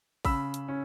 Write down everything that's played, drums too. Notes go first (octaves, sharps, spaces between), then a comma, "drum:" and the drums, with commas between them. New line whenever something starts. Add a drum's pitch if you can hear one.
C#3 B5 E6, drum: kick A1, open hi-hat
drum: hi-hat
C#4